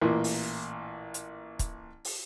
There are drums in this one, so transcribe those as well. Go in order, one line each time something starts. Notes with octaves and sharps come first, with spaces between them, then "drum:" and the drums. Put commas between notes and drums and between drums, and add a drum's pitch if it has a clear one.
A1 A#2 E3 A#3
drum: open hi-hat
drum: hi-hat
drum: kick, hi-hat
drum: open hi-hat